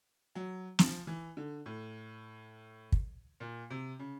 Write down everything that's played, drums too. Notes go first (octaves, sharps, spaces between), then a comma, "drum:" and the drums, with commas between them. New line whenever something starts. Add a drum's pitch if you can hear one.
F#3
F3, drum: snare
E3
D3
A2
drum: kick
A#2
C3
C#3